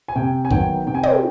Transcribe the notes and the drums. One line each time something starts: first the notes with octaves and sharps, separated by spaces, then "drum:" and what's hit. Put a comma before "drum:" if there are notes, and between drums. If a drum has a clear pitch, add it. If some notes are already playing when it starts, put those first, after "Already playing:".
G#5
C3 G5
G#5
D#3 F#3 B3 G5, drum: kick
C3 G5
G#5
G5, drum: tom